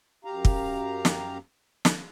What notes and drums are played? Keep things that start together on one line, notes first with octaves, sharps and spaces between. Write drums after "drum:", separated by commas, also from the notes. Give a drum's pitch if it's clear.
F#2 G4 F5 A#5
drum: kick
drum: snare
drum: snare